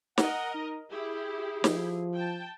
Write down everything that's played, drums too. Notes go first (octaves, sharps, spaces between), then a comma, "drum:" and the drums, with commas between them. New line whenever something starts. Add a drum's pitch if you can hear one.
A#4 D#5 F#5, drum: snare
D#4
E4 G4 G#4
F3, drum: snare
G5 A5